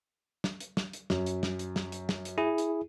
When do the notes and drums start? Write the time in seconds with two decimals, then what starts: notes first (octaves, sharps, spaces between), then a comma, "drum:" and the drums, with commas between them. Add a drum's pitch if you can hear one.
0.44 drum: snare
0.60 drum: hi-hat
0.77 drum: snare
0.93 drum: hi-hat
1.10 F#2, drum: snare
1.26 drum: hi-hat
1.43 drum: snare
1.59 drum: hi-hat
1.76 drum: snare
1.92 drum: hi-hat
2.09 drum: snare
2.25 drum: hi-hat
2.38 E4 G#4
2.58 drum: hi-hat